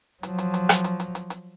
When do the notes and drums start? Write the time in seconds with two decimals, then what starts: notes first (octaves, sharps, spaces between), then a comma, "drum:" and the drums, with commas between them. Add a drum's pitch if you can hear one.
0.23 F3 F#3, drum: hi-hat
0.39 drum: hi-hat
0.54 drum: hi-hat
0.69 drum: rim click
0.84 drum: hi-hat
1.00 drum: hi-hat
1.15 drum: hi-hat
1.30 drum: hi-hat